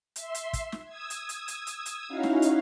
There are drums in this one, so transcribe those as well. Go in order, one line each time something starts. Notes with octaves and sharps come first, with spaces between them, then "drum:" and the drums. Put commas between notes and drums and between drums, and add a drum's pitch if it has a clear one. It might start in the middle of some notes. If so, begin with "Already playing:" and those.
E5 C6, drum: hi-hat
drum: hi-hat
drum: kick, hi-hat
drum: snare
D#6 E6 G#6
drum: hi-hat
drum: hi-hat
drum: hi-hat
drum: hi-hat
drum: hi-hat
C#4 D#4 E4 F#4 F5
drum: snare
drum: hi-hat